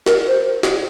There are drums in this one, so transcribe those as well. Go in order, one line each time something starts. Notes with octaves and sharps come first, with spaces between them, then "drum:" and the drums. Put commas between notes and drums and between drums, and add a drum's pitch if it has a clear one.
A#4, drum: snare
C5
drum: snare